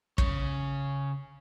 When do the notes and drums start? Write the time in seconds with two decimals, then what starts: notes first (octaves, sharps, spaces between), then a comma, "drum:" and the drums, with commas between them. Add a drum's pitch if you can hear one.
0.18 C#3 C#5, drum: kick